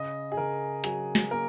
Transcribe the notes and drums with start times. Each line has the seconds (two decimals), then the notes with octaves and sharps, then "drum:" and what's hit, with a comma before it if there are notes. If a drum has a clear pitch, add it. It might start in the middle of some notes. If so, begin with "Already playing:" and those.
Already playing: C#3 D#5
0.32 G#4
0.37 C#3 A#4
0.84 F#3 G#4, drum: hi-hat
1.15 drum: snare
1.31 A#3 A#4